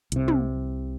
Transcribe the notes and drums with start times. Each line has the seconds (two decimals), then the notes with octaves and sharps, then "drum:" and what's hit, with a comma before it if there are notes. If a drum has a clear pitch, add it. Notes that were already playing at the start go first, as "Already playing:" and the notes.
0.12 C2 C3, drum: hi-hat
0.28 drum: tom